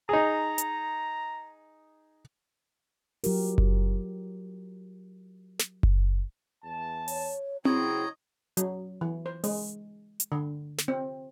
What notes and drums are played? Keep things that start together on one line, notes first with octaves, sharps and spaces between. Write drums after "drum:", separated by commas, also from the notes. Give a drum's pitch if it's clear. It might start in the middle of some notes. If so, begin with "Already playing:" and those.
D#4 G#4 A#5
drum: hi-hat
F#3 F4 G4 A#4, drum: open hi-hat
drum: kick F#1
drum: snare
drum: kick F#1
E2 A5
C#5, drum: open hi-hat
C#3 F#3 C4 E4 G#4 C#5 D#5 A#5, drum: tom C4
F#3, drum: hi-hat
E3
C5
G#3, drum: open hi-hat
drum: hi-hat
D3
drum: snare
C4